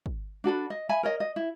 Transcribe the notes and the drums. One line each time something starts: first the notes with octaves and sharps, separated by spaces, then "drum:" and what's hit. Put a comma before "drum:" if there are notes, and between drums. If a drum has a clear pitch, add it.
drum: kick
D4 F#4 A4 B5
D#5
E5 G#5 B5
A#4 C#5 D#5
D#5
E4